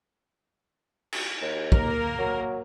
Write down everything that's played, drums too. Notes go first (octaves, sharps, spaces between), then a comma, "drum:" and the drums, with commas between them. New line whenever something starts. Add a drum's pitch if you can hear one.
drum: cymbal
D#2
A#3 A#4, drum: kick
F#3